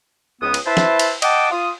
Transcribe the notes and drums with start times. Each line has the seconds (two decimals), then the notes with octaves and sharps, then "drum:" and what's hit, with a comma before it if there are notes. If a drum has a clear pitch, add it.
0.41 C#2 B3 D#6
0.54 drum: cymbal
0.66 E4 B4 C5 E5 A5 C6
0.77 drum: snare
0.99 drum: cymbal
1.22 D#5 F#5 G5 A5 D6, drum: cymbal
1.51 F4 D#6